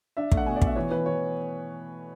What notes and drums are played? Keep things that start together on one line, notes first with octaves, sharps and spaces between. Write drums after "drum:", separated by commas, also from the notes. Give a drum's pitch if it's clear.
D4 E5
A3, drum: kick
F#5
B2 G#5
D5
B2 E5, drum: kick
E3 C#5
E3 B4
E3 C#5